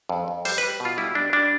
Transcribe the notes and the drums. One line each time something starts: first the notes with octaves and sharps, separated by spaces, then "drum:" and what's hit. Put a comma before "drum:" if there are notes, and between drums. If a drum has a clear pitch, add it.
F2
F2
G3 C5, drum: open hi-hat
G3 B4, drum: hi-hat
B2
F4
G3 E4
G3 D4
G3 D4